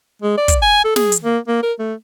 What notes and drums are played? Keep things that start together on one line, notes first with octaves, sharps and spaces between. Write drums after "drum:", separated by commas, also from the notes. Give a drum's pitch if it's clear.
G#3
D5
drum: kick, hi-hat
G#5
A4
G#4, drum: snare
drum: hi-hat
A#3
A#3
A#4
A3